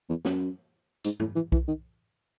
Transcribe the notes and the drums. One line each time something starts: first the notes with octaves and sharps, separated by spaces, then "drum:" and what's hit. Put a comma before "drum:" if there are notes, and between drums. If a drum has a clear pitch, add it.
E2
F#2, drum: snare
G#2, drum: hi-hat
A2, drum: tom G#2
E3
E3, drum: kick B1
D#3